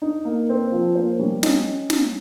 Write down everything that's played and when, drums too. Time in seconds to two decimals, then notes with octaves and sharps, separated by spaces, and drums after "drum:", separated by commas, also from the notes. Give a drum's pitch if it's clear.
0.02 D#4
0.25 A#3
0.49 C4
0.72 F3
0.95 A#3 C5
1.19 G3 C#5
1.43 C#4 D#5, drum: snare
1.90 drum: snare